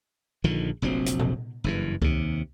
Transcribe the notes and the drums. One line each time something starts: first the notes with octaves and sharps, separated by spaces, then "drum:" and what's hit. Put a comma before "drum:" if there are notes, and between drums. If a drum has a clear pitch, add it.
A#1 D3 D#3 F3
F1 A#1 F#3 C4
drum: hi-hat
drum: tom A#2
F#1 G2 E3
D#2 C3, drum: kick C#2